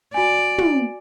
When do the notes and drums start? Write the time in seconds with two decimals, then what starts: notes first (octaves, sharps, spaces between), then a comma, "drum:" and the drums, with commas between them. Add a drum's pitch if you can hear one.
0.14 F#4 D5 G#5
0.58 drum: tom